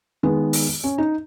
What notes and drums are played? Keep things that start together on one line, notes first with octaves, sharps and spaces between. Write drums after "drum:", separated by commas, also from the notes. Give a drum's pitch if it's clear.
D#3 G#3 B3
drum: open hi-hat
C#4
D#4